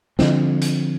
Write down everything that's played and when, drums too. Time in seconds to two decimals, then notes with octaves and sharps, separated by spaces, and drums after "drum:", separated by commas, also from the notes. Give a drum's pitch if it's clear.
0.19 D3 F3 C4, drum: snare
0.62 drum: hi-hat